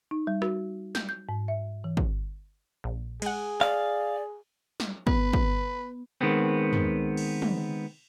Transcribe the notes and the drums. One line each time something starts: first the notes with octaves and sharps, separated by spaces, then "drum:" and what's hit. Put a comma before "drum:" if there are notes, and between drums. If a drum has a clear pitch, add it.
D#4
G3
F#4, drum: rim click
G6, drum: snare
G6
G#2
E5
E3
drum: kick
A#1
G#3 G#4 F#5, drum: cymbal
D5 F5, drum: clap
drum: snare
B3 B4, drum: kick
drum: kick
D#3 G#3 B3 C4
drum: tom
drum: cymbal
drum: tom